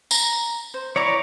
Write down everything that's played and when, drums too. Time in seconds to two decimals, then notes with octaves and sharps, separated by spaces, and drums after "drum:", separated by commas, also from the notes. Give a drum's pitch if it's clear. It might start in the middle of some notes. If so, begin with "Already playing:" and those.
0.11 A#5, drum: tambourine
0.74 C5
0.96 E4 C#5 D5 A#5 D6